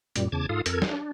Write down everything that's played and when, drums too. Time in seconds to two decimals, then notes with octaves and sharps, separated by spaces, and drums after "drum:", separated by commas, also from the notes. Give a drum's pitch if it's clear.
0.16 F#2 A#2 G3, drum: hi-hat
0.32 E2 C#3 A5 D6 G#6
0.49 G#2 F4 A4 F5 D#6
0.66 F2 A4 A#4 G#6, drum: hi-hat
0.82 drum: snare
0.91 D4